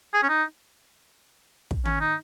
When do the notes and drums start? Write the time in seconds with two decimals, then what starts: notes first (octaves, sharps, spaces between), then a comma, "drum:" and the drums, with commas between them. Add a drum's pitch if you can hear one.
0.14 G#4
0.23 C#4
0.29 D#4
1.71 drum: kick
1.85 C#4, drum: tom D#3
2.01 D#4